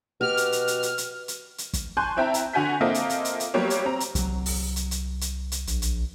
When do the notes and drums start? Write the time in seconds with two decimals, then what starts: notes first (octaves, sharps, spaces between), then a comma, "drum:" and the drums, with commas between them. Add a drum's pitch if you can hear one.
0.21 B2 F#4 G4 F6
0.37 drum: hi-hat
0.52 drum: hi-hat
0.68 drum: hi-hat
0.83 drum: hi-hat
0.98 drum: hi-hat
1.28 drum: hi-hat
1.58 drum: hi-hat
1.73 drum: kick, hi-hat
1.97 G#5 A5 C6 C#6 F#6 G6
2.17 C4 E4 E5 G5 A5 A#5
2.34 drum: hi-hat
2.53 D3 F#4 G#5 G6 B6
2.81 A#3 C4 F4 A4 D#5 E5
2.94 drum: hi-hat
3.10 drum: hi-hat
3.25 drum: hi-hat
3.40 drum: hi-hat
3.54 F#3 G3 A#3 B3 G4 C#5
3.70 drum: hi-hat
3.85 C4 A#5
4.00 drum: hi-hat
4.15 C2 F#3, drum: kick, hi-hat
4.46 drum: open hi-hat
4.76 drum: hi-hat
4.91 drum: hi-hat
5.21 drum: hi-hat
5.52 drum: hi-hat
5.67 A#1, drum: hi-hat
5.82 drum: hi-hat